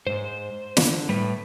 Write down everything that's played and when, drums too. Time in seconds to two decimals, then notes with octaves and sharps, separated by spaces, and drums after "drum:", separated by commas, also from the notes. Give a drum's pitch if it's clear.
0.07 G#2 C5
0.24 C5
0.77 D3, drum: snare
1.09 A2 G3 B4